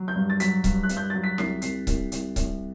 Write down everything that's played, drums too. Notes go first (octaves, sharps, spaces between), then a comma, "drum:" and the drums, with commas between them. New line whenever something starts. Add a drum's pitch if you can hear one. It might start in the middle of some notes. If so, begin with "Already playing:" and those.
Already playing: F#3
G6
G2
A6
F#3 B6, drum: hi-hat
G2, drum: kick C#1, hi-hat
F#6
G2, drum: hi-hat
G6
F#3 A6
B6
C2 C7, drum: snare
C2 C7, drum: hi-hat
C2, drum: kick C#1, hi-hat
C2, drum: hi-hat
C2, drum: kick C#1, hi-hat